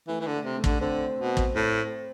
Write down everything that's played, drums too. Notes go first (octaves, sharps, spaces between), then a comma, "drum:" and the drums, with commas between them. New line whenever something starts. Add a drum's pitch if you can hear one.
E3 A3
E3
D3
A3
C3
A3
D3, drum: kick
D3 C4
B2
drum: kick
A2